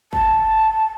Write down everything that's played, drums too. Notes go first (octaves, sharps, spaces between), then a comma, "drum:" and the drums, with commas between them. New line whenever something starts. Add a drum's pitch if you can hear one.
A5, drum: kick